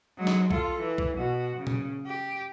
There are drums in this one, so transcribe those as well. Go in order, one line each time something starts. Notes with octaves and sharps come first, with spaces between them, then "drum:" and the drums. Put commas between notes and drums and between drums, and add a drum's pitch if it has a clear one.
F#3 G#3
drum: snare
F4 A4, drum: kick
E3
drum: kick
B2 F#4
C#3
drum: tom A#2
G4